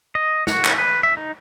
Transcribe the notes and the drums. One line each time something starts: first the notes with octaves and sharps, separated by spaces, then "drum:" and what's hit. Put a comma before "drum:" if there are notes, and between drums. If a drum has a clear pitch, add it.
D#5
F#4, drum: snare
drum: clap
B4
E5
D#4